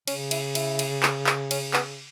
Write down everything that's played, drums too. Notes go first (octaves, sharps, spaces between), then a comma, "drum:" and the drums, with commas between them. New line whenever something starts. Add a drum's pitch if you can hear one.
C#3 C#4, drum: cymbal
E4, drum: cymbal
E4, drum: cymbal
drum: cymbal
drum: clap
drum: clap
C#4, drum: cymbal
B3, drum: clap